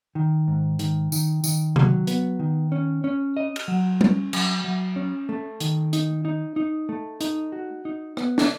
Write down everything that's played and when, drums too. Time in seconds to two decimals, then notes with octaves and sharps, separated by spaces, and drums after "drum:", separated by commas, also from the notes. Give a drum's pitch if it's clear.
0.15 D#3
0.48 G#2
0.79 D#3, drum: hi-hat
1.12 D#3, drum: tambourine
1.44 D#3, drum: tambourine
1.76 F#3, drum: tom C3
2.07 B3, drum: hi-hat
2.39 D#3
2.72 C#4
3.04 C#4
3.37 D#5
3.56 drum: cymbal
3.68 F#3
4.01 C#4, drum: tom G3
4.33 F#3, drum: cymbal
4.64 F#3
4.96 C#4
5.29 A3
5.60 D#3, drum: hi-hat
5.93 D#4, drum: hi-hat
6.25 D#4
6.56 D#4
6.89 A3
7.21 D#4, drum: hi-hat
7.52 F#4
7.85 D#4
8.17 B3, drum: rim click
8.38 drum: snare